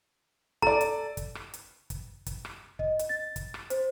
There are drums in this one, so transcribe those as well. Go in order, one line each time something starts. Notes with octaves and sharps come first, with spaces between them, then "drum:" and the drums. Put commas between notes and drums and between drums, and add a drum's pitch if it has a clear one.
A4 D5 A#5, drum: kick
drum: hi-hat
drum: kick, hi-hat
drum: rim click
drum: hi-hat
drum: kick, hi-hat
drum: kick, hi-hat
drum: rim click
D#5, drum: kick
drum: hi-hat
A6
drum: kick, hi-hat
drum: rim click
C5, drum: hi-hat